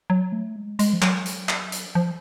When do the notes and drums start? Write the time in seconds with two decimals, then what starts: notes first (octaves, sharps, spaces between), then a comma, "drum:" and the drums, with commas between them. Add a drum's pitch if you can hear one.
0.10 F#3
0.32 A3
0.56 G#3
0.79 G#3, drum: hi-hat
0.93 F3
1.02 F#3, drum: clap
1.26 drum: hi-hat
1.49 drum: clap
1.72 drum: hi-hat
1.95 F3